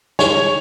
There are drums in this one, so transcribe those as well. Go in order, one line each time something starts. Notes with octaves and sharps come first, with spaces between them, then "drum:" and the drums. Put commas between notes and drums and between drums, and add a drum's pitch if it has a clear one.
C#5, drum: snare